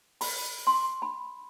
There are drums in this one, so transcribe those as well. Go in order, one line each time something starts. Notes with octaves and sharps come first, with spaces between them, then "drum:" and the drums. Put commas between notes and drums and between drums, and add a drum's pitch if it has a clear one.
B5, drum: open hi-hat
C6
B5